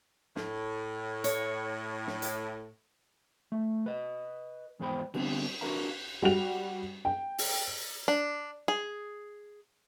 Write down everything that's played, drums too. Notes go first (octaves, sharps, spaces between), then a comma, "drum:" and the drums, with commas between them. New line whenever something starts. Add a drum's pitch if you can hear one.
A2, drum: snare
C#5, drum: hi-hat
drum: snare
drum: hi-hat
A3
B4 D#5
E2 G#2 B3 C5 G5 B5
D3 G3 B3 C4, drum: cymbal
D4 F#4 A#4 B4 F5 A#5
G3 F#4 G4 F7
G5
drum: open hi-hat
D4
G#4